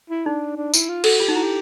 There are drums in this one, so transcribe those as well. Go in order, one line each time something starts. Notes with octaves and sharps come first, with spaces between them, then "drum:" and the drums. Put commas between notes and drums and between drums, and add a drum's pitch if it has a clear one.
E4
D4 D#4
D4
E4, drum: tambourine
F4
F#4 A4, drum: cymbal
F4 G4
D#4 F#4
E4
G4